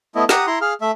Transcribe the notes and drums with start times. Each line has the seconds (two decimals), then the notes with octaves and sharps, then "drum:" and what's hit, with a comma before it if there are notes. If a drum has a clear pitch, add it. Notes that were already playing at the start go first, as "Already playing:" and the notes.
0.15 A3 B3 E4 D#5
0.29 G4 F#5 A#5 D#6, drum: snare
0.47 E4 A#5 C6
0.61 G#4 F5 F6
0.81 A3 E5